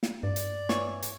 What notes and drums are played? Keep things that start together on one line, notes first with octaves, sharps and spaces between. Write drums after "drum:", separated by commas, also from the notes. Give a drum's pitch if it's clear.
drum: snare
G2 D5
drum: hi-hat
E3 C#5, drum: snare
drum: hi-hat